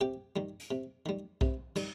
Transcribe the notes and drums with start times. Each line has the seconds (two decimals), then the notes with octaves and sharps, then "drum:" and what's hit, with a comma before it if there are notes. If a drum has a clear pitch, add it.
0.01 C3 G4 G5
0.36 D#3 G3
0.60 drum: hi-hat
0.71 C3
1.06 D#3 G3
1.41 C3, drum: kick B1
1.76 D#3 G3, drum: cymbal